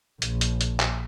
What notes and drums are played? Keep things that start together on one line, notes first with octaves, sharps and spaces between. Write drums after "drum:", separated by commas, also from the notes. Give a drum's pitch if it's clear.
A#1, drum: hi-hat
drum: hi-hat
drum: hi-hat
drum: clap